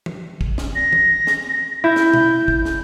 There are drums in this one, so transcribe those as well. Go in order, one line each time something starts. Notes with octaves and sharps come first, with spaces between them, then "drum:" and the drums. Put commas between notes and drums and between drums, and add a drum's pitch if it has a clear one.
drum: tom
drum: kick
drum: snare
A#6
drum: tom
drum: snare
E4 G6
drum: snare
drum: tom
drum: kick
drum: snare